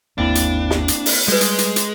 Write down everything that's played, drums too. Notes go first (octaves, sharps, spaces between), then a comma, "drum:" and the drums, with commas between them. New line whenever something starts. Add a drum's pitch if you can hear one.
G1 D#2 A#3 C4 D4 E4
drum: hi-hat
drum: snare
drum: hi-hat
drum: open hi-hat
G3 G#3 A4 B4 G6
drum: hi-hat
drum: hi-hat
drum: hi-hat